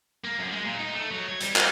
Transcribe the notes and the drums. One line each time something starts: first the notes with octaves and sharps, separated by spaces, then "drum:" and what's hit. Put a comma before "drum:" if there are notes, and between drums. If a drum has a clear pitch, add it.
A#3
F#2
G#3
A#2
D#4
A3
F#3
C#5
G3, drum: hi-hat
D#4, drum: clap